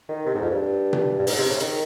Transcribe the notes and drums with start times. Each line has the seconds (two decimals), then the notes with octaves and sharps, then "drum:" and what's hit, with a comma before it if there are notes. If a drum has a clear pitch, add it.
0.09 D#3
0.26 C3
0.34 G#2
0.42 F2
0.51 G2
0.93 drum: tom B2
1.19 G2
1.27 G#2, drum: open hi-hat
1.38 C3
1.48 C#3
1.60 D#3, drum: hi-hat